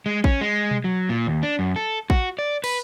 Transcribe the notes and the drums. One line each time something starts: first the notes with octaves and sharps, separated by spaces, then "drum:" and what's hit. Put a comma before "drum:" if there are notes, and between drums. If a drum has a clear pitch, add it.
G#3
C#4, drum: kick
G#3
drum: tom B2
F#3
A#2
D#2
D4
F#2
A4
F#4, drum: kick
D5
B4, drum: cymbal